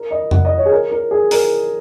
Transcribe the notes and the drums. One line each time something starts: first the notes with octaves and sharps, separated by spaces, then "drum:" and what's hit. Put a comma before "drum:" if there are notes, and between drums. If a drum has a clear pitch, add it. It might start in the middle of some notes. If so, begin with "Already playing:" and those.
Already playing: A#4
D#5
F#5, drum: tom F2
D#5
C#5
G#4
A#4
A#4
G#4
A#4, drum: open hi-hat